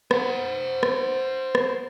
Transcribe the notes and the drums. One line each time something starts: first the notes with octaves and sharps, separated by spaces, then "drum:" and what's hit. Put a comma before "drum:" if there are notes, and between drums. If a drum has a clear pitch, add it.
C5 F#5, drum: rim click
drum: rim click
drum: rim click